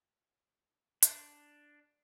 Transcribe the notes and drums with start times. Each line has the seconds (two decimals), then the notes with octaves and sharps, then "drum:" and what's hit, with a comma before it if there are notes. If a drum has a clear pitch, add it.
1.03 D4, drum: hi-hat